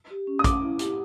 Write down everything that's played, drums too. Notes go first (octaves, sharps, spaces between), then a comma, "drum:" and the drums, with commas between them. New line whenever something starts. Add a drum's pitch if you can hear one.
G4
C#4
D#6
C#4 D6, drum: kick, hi-hat
E4
G4, drum: hi-hat